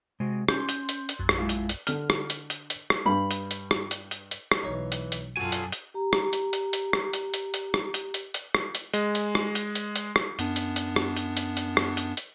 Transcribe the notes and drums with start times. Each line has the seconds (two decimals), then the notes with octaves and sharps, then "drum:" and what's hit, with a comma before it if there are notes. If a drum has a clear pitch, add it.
0.20 C3 G#3 F#4
0.49 C#4 C6 G6, drum: rim click
0.69 drum: hi-hat
0.89 drum: hi-hat
1.09 drum: hi-hat
1.19 A#1 F#2
1.29 drum: rim click
1.38 G#3 E4 F4
1.49 drum: hi-hat
1.69 drum: hi-hat
1.87 D3 F6, drum: hi-hat
2.10 drum: rim click
2.30 drum: hi-hat
2.50 drum: hi-hat
2.70 drum: hi-hat
2.90 drum: rim click
3.06 G2 B5
3.31 drum: hi-hat
3.51 drum: hi-hat
3.71 drum: rim click
3.91 drum: hi-hat
4.11 drum: hi-hat
4.31 drum: hi-hat
4.52 drum: rim click
4.63 B1 E3 D#4 C#5
4.92 drum: hi-hat
5.12 drum: hi-hat
5.37 F#2 F4 F#4 A4 G#5
5.52 drum: hi-hat
5.72 drum: hi-hat
5.94 G4 A#5
6.13 drum: rim click
6.33 drum: hi-hat
6.53 drum: hi-hat
6.73 drum: hi-hat
6.93 drum: rim click
7.14 drum: hi-hat
7.34 drum: hi-hat
7.54 drum: hi-hat
7.74 drum: rim click
7.94 drum: hi-hat
8.14 drum: hi-hat
8.34 drum: hi-hat
8.55 drum: rim click
8.75 drum: hi-hat
8.94 G#3, drum: hi-hat
9.15 drum: hi-hat
9.35 drum: rim click
9.55 drum: hi-hat
9.75 drum: hi-hat
9.96 drum: hi-hat
10.16 drum: rim click
10.39 F#2 B3 D4, drum: hi-hat
10.56 drum: hi-hat
10.76 drum: hi-hat
10.96 drum: rim click
11.17 drum: hi-hat
11.37 drum: hi-hat
11.57 drum: hi-hat
11.77 drum: rim click
11.97 drum: hi-hat
12.17 drum: hi-hat